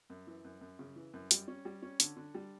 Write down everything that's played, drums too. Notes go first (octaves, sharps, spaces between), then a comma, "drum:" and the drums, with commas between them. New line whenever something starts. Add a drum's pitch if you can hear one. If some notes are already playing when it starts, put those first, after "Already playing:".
F#2
E3
F#2
F#2
C#3
E3
F#2
G3, drum: hi-hat
C#4
G3
C#4
D3, drum: hi-hat
D3
G3